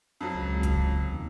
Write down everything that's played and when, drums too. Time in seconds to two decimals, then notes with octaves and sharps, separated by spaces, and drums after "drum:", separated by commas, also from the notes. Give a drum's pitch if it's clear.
0.20 F2 F#3
0.35 C#2
0.63 drum: kick D#1, hi-hat
1.13 D#2